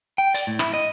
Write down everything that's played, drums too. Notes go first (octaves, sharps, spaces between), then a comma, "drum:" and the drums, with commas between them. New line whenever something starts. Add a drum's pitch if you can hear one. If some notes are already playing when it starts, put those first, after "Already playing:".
G5
D5, drum: hi-hat
A2
E4, drum: rim click
D#5